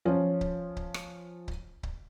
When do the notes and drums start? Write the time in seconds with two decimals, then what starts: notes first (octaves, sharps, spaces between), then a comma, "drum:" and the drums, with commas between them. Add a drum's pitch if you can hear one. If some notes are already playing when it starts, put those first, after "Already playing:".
0.05 F3 C#4 F4
0.41 drum: kick C#1
0.77 drum: kick C#1
0.94 drum: rim click
1.48 drum: kick C#1
1.83 drum: kick C#1